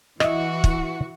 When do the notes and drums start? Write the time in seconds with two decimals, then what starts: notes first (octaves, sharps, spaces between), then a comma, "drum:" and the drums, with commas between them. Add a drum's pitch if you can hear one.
0.20 E3 F#4 D#5 E5, drum: rim click
0.64 drum: kick